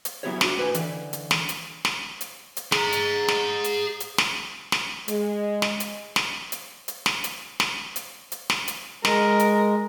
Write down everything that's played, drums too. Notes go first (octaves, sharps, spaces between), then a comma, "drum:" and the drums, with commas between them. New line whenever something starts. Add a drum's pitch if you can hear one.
drum: hi-hat
F#3 B3 E4 F#4 G4 C#5
D4 F#4, drum: snare
A2 B4 G#5
D3 E3, drum: hi-hat
drum: hi-hat
drum: snare
drum: hi-hat
drum: snare
drum: hi-hat
drum: hi-hat
G#4 A#5, drum: snare
drum: hi-hat
drum: snare
drum: hi-hat
drum: hi-hat
drum: snare
drum: snare
G#3, drum: hi-hat
drum: snare
drum: hi-hat
drum: snare
drum: hi-hat
drum: hi-hat
drum: snare
drum: hi-hat
drum: snare
drum: hi-hat
drum: hi-hat
drum: snare
drum: hi-hat
G#3 A#4, drum: snare
drum: hi-hat